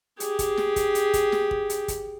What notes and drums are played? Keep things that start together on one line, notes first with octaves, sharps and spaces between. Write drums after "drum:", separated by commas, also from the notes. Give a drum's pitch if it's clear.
G4 G#4, drum: hi-hat
drum: kick, hi-hat
drum: snare
drum: kick, hi-hat
drum: hi-hat
drum: kick, hi-hat
drum: snare
drum: kick
drum: hi-hat
drum: kick, hi-hat